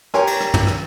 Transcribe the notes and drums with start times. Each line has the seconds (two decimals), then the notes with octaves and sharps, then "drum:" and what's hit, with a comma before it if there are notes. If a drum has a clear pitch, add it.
0.14 G4 A#4 C#5 G#5 C6, drum: rim click
0.27 drum: cymbal
0.40 drum: rim click
0.54 drum: tom
0.67 drum: rim click